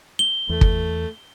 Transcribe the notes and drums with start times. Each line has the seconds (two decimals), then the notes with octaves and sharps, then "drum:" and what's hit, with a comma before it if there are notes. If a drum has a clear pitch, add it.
0.19 G7
0.49 E2 A3
0.61 drum: kick